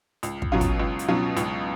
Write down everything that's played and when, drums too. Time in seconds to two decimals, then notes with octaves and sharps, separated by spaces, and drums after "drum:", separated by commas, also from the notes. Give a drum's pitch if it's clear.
0.23 C#2, drum: hi-hat
0.42 drum: kick
0.52 B2 F#3 C#4 F4
0.61 drum: kick, hi-hat
0.80 C#2
0.99 drum: hi-hat
1.08 B2 F#3 C#4 F4
1.37 C#2, drum: hi-hat